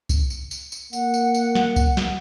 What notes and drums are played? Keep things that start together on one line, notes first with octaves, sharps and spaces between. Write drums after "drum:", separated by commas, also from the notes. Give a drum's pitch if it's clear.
drum: kick C2, tambourine
drum: tambourine
drum: tambourine
drum: tambourine
A#3 F#5, drum: tambourine
drum: tambourine
drum: tambourine
drum: snare
drum: kick C2, tambourine
drum: snare